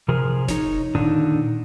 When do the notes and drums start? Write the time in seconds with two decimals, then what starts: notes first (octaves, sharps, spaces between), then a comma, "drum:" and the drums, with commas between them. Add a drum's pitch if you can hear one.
0.08 C3 F3 G#4 A#4
0.48 D#4 C#5, drum: snare F1
0.95 A#2 D3 D#3 D4 D#4